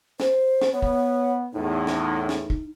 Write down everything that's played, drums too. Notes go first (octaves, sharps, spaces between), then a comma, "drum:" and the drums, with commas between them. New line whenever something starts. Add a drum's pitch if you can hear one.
C5, drum: snare
drum: snare
B3 C#5
drum: kick
E2 A2 D#4
drum: snare
drum: snare
drum: kick